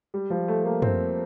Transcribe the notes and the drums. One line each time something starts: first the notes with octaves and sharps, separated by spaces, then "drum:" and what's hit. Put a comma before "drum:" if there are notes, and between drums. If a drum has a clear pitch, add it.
G3
F3
A3
A#3
C4, drum: tom